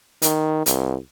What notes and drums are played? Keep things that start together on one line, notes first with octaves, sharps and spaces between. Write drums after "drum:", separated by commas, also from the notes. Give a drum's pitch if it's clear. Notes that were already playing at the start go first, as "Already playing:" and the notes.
D#3, drum: hi-hat
C2, drum: hi-hat